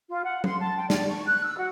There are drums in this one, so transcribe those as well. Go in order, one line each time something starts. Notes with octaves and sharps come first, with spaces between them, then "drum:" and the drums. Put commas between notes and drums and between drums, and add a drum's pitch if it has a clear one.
F4
F#5
C6, drum: tom F#3
A5
G5
D5, drum: snare
C#6
F#6
E6
F#4